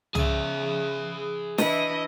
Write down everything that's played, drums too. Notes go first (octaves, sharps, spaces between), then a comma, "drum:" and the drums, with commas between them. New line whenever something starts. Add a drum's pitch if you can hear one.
C#3 G#4 E5, drum: tom
E3 D4 E4 D#5, drum: snare